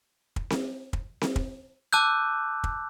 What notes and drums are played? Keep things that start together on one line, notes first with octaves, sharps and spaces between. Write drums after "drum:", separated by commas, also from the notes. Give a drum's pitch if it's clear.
drum: kick
drum: snare C4
drum: kick
drum: snare C4
drum: kick
A5 D6 E6 F#6 G6
drum: kick